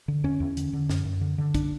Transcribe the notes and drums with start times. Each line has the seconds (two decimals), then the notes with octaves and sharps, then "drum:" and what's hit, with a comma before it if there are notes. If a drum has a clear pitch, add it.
0.08 D3
0.24 E2 C#4
0.40 E2
0.57 D3, drum: hi-hat
0.73 D3
0.90 F#2, drum: snare
1.05 F#2
1.21 D3
1.38 D3
1.54 D4, drum: kick, hi-hat